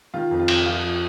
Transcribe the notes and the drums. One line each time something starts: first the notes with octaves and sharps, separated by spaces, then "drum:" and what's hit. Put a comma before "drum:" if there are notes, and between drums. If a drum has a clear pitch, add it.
D#3 F4
F2
F4
F2, drum: cymbal
F3 F4
F3